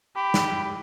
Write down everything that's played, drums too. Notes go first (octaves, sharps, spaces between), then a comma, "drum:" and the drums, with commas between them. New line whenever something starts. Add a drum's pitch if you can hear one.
G4 B5
drum: snare